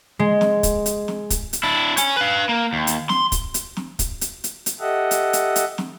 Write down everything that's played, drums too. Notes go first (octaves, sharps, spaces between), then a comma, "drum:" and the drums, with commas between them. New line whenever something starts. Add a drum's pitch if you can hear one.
G#3
drum: snare
drum: kick, hi-hat
drum: hi-hat
drum: snare
drum: kick, hi-hat
drum: hi-hat
D4 E4
C#5 G#5, drum: hi-hat
B4 F5
A#3
D#2
drum: hi-hat
C6, drum: snare
drum: kick, hi-hat
drum: hi-hat
drum: snare
drum: kick, hi-hat
drum: hi-hat
drum: hi-hat
drum: hi-hat
G4 A4 D#5 E5 F#5
drum: hi-hat
drum: hi-hat
drum: hi-hat
drum: snare